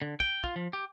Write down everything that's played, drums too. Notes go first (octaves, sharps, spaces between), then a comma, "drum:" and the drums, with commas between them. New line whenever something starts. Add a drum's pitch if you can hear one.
D3
G5, drum: kick
F4, drum: kick
F3
G4